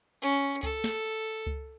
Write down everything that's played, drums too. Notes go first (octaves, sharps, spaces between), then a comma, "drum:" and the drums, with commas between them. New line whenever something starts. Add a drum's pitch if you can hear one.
C#4
A4, drum: kick C#2
drum: snare
drum: kick C#2